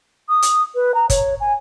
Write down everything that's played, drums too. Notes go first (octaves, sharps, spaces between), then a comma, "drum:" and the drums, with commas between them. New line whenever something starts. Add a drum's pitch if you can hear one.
D#6
drum: hi-hat
B4
A#5
C#5, drum: kick G1, hi-hat
G#5